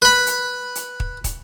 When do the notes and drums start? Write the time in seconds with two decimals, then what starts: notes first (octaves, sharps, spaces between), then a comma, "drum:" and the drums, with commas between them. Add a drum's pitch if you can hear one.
0.02 B4 B5
0.27 drum: hi-hat
0.75 drum: hi-hat
1.00 drum: kick
1.24 drum: kick, hi-hat